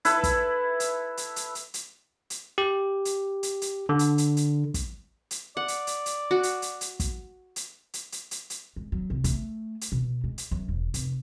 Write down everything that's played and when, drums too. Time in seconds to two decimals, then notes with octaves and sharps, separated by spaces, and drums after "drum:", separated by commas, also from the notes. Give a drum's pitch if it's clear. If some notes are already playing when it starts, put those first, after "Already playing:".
0.05 E4 A4 B4, drum: hi-hat
0.24 drum: kick, hi-hat
0.80 drum: hi-hat
1.17 drum: hi-hat
1.36 drum: hi-hat
1.55 drum: hi-hat
1.74 drum: hi-hat
2.30 drum: hi-hat
2.58 G4
3.05 drum: hi-hat
3.43 drum: hi-hat
3.62 drum: hi-hat
3.89 D3
3.99 drum: hi-hat
4.18 drum: hi-hat
4.37 drum: hi-hat
4.74 drum: kick, hi-hat
5.31 drum: hi-hat
5.57 D5 F#5
5.68 drum: hi-hat
5.87 drum: hi-hat
6.06 drum: hi-hat
6.31 F#4
6.43 drum: hi-hat
6.62 drum: hi-hat
6.81 drum: hi-hat
7.00 drum: kick, hi-hat
7.56 drum: hi-hat
7.94 drum: hi-hat
8.12 drum: hi-hat
8.31 drum: hi-hat
8.50 drum: hi-hat
8.76 G#3
8.92 F#3
9.10 C2
9.24 A3, drum: kick, hi-hat
9.81 drum: hi-hat
9.92 B2
10.24 G#3
10.38 drum: hi-hat
10.51 F#2
10.68 E1
10.94 F1, drum: hi-hat